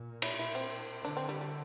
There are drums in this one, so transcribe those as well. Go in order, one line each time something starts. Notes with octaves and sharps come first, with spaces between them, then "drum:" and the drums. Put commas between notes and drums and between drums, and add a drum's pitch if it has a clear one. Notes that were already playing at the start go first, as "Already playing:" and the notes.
Already playing: A#2
E4, drum: cymbal
E4
C4
D3 D4
C4
G3
G3